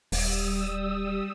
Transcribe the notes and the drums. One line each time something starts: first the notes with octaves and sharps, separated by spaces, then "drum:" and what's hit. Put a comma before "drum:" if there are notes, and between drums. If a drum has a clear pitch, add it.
D#1 G3 D#6 E6, drum: open hi-hat